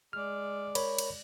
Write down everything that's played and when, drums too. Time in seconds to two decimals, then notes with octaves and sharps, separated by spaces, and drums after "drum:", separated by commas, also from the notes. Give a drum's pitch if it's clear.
0.13 G#3 D5 F6
0.75 A#4 C#5 B5, drum: cymbal
0.98 drum: cymbal